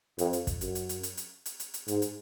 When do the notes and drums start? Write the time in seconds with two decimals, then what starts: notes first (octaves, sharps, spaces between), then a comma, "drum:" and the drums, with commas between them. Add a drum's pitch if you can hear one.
0.18 F2, drum: hi-hat
0.33 drum: hi-hat
0.47 drum: kick, hi-hat
0.61 F#2, drum: hi-hat
0.75 drum: hi-hat
0.89 drum: hi-hat
1.03 drum: hi-hat
1.17 drum: hi-hat
1.46 drum: hi-hat
1.60 drum: hi-hat
1.74 drum: hi-hat
1.88 G#2, drum: hi-hat
2.02 drum: hi-hat